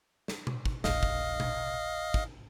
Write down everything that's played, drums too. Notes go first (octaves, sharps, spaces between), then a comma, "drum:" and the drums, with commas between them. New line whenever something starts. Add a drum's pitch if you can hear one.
drum: snare
drum: tom B2
drum: kick
E1 A#1 D#5 F5, drum: snare
drum: kick
drum: tom B2
drum: kick